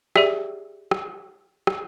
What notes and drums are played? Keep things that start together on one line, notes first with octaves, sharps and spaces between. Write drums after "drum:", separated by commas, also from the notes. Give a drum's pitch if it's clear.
G4 G#4 D5 E5, drum: rim click
drum: rim click
drum: rim click